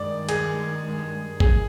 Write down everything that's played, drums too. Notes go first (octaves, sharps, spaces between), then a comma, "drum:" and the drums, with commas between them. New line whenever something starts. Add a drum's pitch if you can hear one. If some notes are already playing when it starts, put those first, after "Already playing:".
Already playing: G2 D#3 G#3 D5
G#4, drum: cymbal
G#4, drum: kick G#1